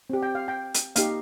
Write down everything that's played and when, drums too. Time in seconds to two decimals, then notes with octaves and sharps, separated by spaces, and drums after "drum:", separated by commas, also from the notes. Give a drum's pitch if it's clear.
0.10 C4 G4
0.23 G5
0.35 F5
0.48 G5
0.74 drum: hi-hat
0.96 A#3 D#4 G4 F5, drum: hi-hat